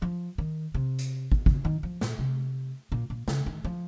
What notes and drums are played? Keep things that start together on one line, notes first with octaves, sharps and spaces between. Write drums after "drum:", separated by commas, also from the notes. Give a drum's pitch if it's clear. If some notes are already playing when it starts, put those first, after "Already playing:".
F3
D#3
C3
drum: hi-hat
drum: kick
C#3, drum: kick
D#3
F3
A#2, drum: snare
C3
A#2
A#2
C#3, drum: snare
D#3
F3